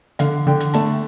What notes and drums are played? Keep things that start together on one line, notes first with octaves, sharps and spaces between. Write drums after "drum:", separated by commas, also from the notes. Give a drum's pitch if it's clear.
D3 F5, drum: hi-hat
D3 G5
drum: hi-hat
A3 A5, drum: hi-hat